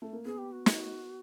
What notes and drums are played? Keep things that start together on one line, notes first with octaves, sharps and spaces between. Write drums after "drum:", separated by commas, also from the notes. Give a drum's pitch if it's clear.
A3
A#3
B3 G#4
G4
F#4
drum: snare